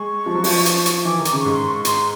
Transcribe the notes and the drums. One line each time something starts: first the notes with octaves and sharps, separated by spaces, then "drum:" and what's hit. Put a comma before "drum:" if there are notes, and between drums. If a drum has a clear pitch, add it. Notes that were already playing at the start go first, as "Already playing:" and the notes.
Already playing: G#3 C#6
F3
F#3
F3, drum: open hi-hat
drum: hi-hat
drum: hi-hat
E3 D6
D#3
D6, drum: hi-hat
C#3
C#6
G#2
C6
C#6
C6, drum: hi-hat